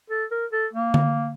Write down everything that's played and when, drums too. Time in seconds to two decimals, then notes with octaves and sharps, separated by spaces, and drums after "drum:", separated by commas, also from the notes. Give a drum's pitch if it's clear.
0.10 A4
0.31 A#4
0.52 A4
0.73 A#3
0.94 drum: tom D3